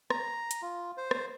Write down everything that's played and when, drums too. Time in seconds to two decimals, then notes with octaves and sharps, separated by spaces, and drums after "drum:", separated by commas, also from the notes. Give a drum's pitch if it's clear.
0.10 A#5, drum: rim click
0.51 drum: hi-hat
0.62 F4
0.97 C5
1.11 drum: rim click